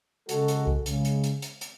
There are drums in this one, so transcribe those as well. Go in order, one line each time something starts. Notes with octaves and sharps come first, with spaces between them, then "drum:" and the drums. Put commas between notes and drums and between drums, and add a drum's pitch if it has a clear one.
C#3 G#3 F#4 A4, drum: hi-hat
drum: hi-hat
drum: kick C2
C#3 G#3, drum: hi-hat
drum: hi-hat
drum: hi-hat
drum: hi-hat
drum: hi-hat